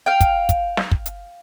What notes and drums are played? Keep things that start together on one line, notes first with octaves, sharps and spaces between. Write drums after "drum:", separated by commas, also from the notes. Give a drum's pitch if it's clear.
F5 G5
drum: kick, hi-hat
drum: kick, hi-hat
drum: snare
drum: kick
drum: hi-hat